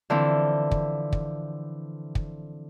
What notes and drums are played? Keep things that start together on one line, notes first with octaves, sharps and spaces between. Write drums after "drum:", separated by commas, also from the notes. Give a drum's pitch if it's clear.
D3 E3 F3 C4
drum: kick
drum: kick
drum: kick